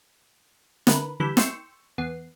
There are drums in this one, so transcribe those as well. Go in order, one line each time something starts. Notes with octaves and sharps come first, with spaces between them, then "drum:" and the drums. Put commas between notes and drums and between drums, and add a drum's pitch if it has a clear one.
D3 A#4 B4, drum: snare
D3 E3 G3 B5 E6 G6
G5 C6 C#6 E6, drum: snare
E2 B3 C7